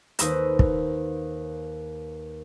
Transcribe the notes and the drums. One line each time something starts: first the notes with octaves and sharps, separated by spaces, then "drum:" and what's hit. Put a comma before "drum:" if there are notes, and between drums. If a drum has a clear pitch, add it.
D#2 B4 C5 D#6 E6 A#6, drum: hi-hat
drum: kick